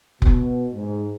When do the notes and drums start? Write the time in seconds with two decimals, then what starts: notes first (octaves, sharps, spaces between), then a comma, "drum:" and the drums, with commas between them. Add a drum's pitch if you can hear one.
0.22 B2, drum: kick F1
0.74 G#2